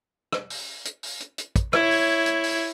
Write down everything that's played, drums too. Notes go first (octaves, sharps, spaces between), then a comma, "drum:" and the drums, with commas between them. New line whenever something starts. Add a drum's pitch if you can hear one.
drum: rim click
drum: open hi-hat
drum: hi-hat
drum: open hi-hat
drum: hi-hat
drum: hi-hat
drum: kick, hi-hat
E4 C#5, drum: rim click
drum: open hi-hat
drum: hi-hat
drum: open hi-hat